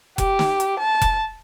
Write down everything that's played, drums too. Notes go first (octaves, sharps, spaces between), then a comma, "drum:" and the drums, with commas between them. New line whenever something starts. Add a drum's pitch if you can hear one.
G4, drum: kick F1, hi-hat
drum: snare
drum: hi-hat
A5
drum: kick F1, hi-hat